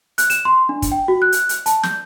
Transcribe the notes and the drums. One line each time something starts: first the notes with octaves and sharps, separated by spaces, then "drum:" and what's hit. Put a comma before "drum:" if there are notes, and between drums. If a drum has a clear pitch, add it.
F#6, drum: hi-hat
E7, drum: hi-hat
C6
D4
drum: kick, hi-hat
G5
F#4
F#6
drum: hi-hat
drum: hi-hat
A5, drum: hi-hat
G6, drum: snare